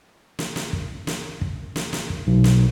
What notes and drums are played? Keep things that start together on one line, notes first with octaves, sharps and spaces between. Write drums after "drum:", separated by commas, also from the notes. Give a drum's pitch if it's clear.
drum: snare
drum: snare
drum: kick
drum: snare
drum: kick
drum: snare
drum: snare
drum: kick
B1
drum: snare